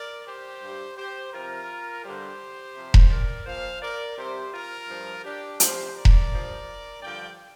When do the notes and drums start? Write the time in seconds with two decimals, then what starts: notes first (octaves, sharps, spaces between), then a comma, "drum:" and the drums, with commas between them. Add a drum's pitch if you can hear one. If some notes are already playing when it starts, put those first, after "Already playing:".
Already playing: A#4 D5
0.27 G4 C5
0.62 G2 G3
0.97 G4 C5
1.33 C3 F3 F4 A#4
2.04 G2 D3 G3 G4 C5
2.75 C3 F3
2.94 drum: kick E1
3.10 A#4 D5
3.46 A#2 F3 C5 F5
3.82 A#4 D5
4.18 C3 G3 G4 C5
4.54 F4 A#4
4.88 G2 F3
5.24 D4 G4
5.60 C3 F3 G4 C5, drum: hi-hat
5.95 A#4 D5
6.05 drum: kick E1
6.31 G2 F3
7.02 G2 D3 F3 D5 G5